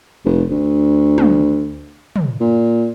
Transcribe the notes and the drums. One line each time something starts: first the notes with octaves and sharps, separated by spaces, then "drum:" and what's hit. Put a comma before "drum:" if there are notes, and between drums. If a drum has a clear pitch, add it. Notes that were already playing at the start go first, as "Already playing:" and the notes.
F1
D2
drum: tom
drum: tom
A#2